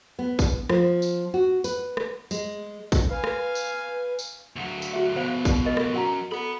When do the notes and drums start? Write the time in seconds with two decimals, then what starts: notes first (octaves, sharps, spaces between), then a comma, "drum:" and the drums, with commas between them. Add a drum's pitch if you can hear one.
0.19 B3
0.39 drum: kick, tambourine
0.70 F3, drum: rim click
1.02 drum: tambourine
1.34 F#4
1.64 B4, drum: tambourine
1.97 drum: rim click
2.31 G#3, drum: tambourine
2.92 drum: kick, tambourine
3.10 B4 F5 G#5
3.24 drum: rim click
3.55 drum: tambourine
4.19 drum: tambourine
4.56 D2 F#3
4.82 drum: tambourine
4.93 F#4 E5
5.16 F2 B2 C5 F5 F#5
5.45 drum: kick, tambourine
5.65 A#4 B4 D#5
5.77 drum: rim click
5.94 F#3 C#4 F#4 F#5 A#5
6.32 A4 F#5 B5